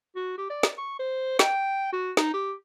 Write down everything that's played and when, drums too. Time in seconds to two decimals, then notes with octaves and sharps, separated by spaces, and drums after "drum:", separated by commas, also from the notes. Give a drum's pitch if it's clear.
0.16 F#4
0.38 G4
0.50 D5
0.63 drum: snare
0.78 C#6
0.99 C5
1.39 G5, drum: snare
1.93 F#4
2.17 D#4, drum: snare
2.34 G4